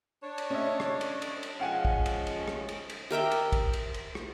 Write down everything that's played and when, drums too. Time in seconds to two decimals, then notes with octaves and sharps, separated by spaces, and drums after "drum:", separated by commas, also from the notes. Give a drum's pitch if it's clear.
0.22 D4 C#5
0.38 drum: cymbal
0.50 C#4 D#5 E5
0.80 drum: rim click
1.01 drum: cymbal
1.22 drum: cymbal
1.43 drum: cymbal
1.59 F3 G#3 C#4 F5 F#5 G#5
1.85 drum: kick
2.06 drum: cymbal
2.27 drum: cymbal
2.48 drum: rim click
2.69 drum: cymbal
2.90 drum: cymbal
3.10 G4 A#4 E5 G5
3.31 drum: cymbal
3.52 drum: kick, cymbal
3.73 drum: cymbal
3.94 drum: cymbal
4.15 drum: rim click